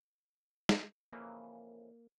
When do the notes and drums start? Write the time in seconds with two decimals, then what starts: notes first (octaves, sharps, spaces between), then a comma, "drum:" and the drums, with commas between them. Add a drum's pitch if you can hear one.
0.69 drum: snare
1.12 F2 C#3 E3 A#3